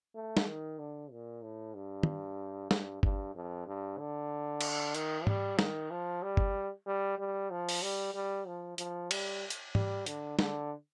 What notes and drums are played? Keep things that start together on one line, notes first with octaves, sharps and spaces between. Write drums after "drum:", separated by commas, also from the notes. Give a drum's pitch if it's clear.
A3
drum: snare
D#3
D3
A#2
A2
G2
drum: tom
G2, drum: snare
G2, drum: kick
F2
G2
D3
drum: cymbal
D#3, drum: hi-hat
G3, drum: tom G#2
D#3, drum: snare
F3
G3
drum: kick
G3
G3
F3
drum: open hi-hat
G3
G3
F3
F3, drum: hi-hat
G3, drum: cymbal
drum: hi-hat
G3, drum: tom G#2
D3, drum: hi-hat
D3, drum: snare